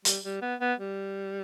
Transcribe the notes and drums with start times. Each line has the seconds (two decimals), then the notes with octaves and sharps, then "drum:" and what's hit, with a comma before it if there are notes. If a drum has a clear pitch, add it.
0.05 G3, drum: hi-hat
0.24 G3
0.42 B3
0.60 B3
0.79 G3